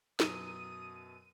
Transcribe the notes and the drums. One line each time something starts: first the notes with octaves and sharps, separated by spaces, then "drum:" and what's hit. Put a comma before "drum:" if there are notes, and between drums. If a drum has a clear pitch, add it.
F#2 B2 F#3 D#6 D#7, drum: snare